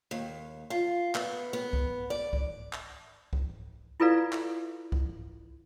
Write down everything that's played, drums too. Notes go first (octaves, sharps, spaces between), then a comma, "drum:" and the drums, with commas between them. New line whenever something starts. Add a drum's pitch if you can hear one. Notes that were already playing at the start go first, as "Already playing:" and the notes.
D#2
F4
B3, drum: clap
B3
drum: kick
D5
drum: kick
drum: clap
drum: kick
E4 F4 A4 B4 D5 F5
drum: clap
drum: kick